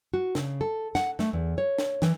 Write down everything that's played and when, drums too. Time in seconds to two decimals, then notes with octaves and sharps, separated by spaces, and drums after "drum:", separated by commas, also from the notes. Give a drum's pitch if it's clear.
0.14 F#4
0.35 C#3, drum: snare
0.61 A4
0.95 F#5, drum: snare
1.19 A3, drum: snare
1.33 E2
1.58 C#5
1.78 drum: snare
2.02 E3, drum: snare